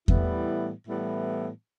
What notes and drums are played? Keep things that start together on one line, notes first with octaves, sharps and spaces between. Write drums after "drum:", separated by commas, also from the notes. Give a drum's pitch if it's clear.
A2 E3 G3 B3 E4, drum: kick E2
A2 E3 G3 B3 E4